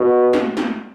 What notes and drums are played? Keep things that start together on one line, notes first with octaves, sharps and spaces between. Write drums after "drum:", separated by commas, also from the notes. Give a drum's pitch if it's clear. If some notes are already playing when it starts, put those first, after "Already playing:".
Already playing: B2
drum: snare
drum: snare